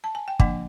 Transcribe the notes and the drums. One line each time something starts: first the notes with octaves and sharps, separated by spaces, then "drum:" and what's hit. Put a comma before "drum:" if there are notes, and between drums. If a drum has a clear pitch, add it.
A5
G#5
G5
F3 A#3 D4 F#5, drum: kick